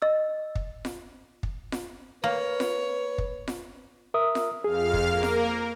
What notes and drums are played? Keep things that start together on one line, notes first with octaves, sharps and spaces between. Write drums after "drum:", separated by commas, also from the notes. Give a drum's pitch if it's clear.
D#5 E6
drum: kick
drum: snare F4
drum: kick
drum: snare F4
A#3 B4 C#5
drum: snare F4
drum: kick
drum: snare F4
A#4 E5 D#6
drum: snare F4
F2 G#4 F5 F6
drum: kick
A#3 A#4
drum: snare F4